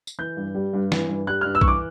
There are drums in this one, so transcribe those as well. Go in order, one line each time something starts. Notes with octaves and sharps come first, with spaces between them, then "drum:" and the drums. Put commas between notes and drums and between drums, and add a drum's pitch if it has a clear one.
drum: tambourine
E3 G6
G2
G3
G2
E3, drum: snare
G2
G3 F#6
G2 F6
E6
C#6, drum: kick B1
E3 D6